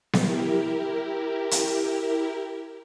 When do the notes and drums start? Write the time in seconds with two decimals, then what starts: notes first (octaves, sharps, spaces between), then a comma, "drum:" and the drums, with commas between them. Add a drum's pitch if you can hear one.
0.13 E4 G4 A#4, drum: snare B3
1.51 drum: hi-hat